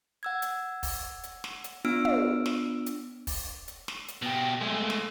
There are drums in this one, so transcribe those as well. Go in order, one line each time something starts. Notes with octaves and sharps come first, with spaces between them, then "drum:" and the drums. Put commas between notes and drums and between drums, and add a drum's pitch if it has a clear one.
F#5 E6 G#6
drum: hi-hat
drum: kick, open hi-hat
drum: hi-hat
drum: snare
drum: hi-hat
B3 D4 F4 E6 F6 D7
drum: tom
drum: snare
drum: hi-hat
drum: kick, open hi-hat
drum: hi-hat
drum: snare
drum: hi-hat
B2 G4
G#3 A3
drum: snare